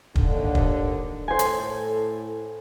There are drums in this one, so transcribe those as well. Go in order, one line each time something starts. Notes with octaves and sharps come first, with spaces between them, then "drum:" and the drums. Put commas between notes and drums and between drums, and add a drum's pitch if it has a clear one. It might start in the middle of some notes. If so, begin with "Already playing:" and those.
D#2 D3, drum: kick
drum: kick
A2 A4 C5 G#5
drum: hi-hat